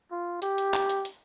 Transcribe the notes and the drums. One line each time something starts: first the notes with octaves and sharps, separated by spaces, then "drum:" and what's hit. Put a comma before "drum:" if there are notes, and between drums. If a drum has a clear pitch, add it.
F4
G4, drum: hi-hat
drum: hi-hat
drum: clap
drum: hi-hat
drum: hi-hat